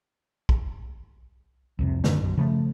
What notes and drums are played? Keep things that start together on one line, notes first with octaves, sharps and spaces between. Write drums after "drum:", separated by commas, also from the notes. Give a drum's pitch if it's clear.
drum: kick
C2 F2 C3
F#2 D3 D#3, drum: snare
B1 F#2
C#3 F3 A3